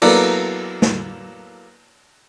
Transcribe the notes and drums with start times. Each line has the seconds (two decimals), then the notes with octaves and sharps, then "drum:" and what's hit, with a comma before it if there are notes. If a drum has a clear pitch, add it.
0.02 F#3 A#3 B3 E4 A4 D5, drum: cymbal
0.82 drum: snare